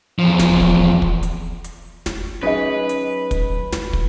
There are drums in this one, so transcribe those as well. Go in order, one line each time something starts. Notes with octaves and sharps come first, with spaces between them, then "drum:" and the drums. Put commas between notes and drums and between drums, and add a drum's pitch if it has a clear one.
E2 F3
drum: snare
drum: kick
drum: kick
drum: hi-hat
drum: hi-hat
drum: snare
F#3 C#4 D#4 G#4 B4 D#5
drum: hi-hat
drum: kick, hi-hat
drum: snare
drum: kick